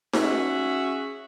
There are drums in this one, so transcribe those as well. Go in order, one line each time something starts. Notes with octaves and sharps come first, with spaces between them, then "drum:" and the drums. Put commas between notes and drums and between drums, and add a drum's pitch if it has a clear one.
C#4 F#4 G#4 E5, drum: snare D#4